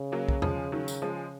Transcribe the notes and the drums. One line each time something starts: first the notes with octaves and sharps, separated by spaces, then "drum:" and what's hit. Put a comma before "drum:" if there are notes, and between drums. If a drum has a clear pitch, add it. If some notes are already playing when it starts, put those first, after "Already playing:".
Already playing: C#3
F#3 A#3
drum: kick B1
F3 G#3, drum: tom E2
D#3 F#3
drum: tambourine
F3 G#3